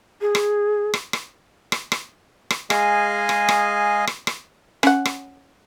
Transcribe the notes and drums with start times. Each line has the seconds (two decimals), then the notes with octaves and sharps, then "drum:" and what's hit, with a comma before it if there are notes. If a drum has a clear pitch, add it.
0.21 G#4
0.35 drum: rim click
0.94 drum: rim click
1.13 drum: rim click
1.72 drum: rim click
1.92 drum: rim click
2.50 drum: rim click
2.70 G#3 G#4 D#5 F5 G#5, drum: rim click
3.29 drum: rim click
3.49 drum: rim click
4.07 drum: rim click
4.27 drum: rim click
4.83 C#4 F#5, drum: rim click
5.05 drum: rim click